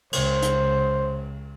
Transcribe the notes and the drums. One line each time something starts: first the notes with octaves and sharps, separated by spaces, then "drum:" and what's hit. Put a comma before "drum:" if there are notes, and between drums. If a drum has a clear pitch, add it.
C#2 C5, drum: cymbal
drum: hi-hat